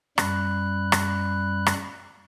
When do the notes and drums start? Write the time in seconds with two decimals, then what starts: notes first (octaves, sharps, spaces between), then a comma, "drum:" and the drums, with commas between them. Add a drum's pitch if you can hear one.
0.18 F#2 G3 B5 F#6, drum: rim click
0.92 drum: rim click
1.67 drum: rim click